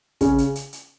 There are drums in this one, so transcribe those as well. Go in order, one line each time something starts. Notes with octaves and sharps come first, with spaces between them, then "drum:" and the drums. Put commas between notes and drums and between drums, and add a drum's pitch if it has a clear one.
C#3 C#4, drum: kick, hi-hat
drum: hi-hat
drum: hi-hat
drum: hi-hat